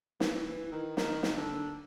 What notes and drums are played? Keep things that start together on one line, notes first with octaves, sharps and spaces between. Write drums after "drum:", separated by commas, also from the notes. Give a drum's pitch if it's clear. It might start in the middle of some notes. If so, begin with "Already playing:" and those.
E3, drum: snare
E3
D#3
D#3, drum: snare
drum: snare
D3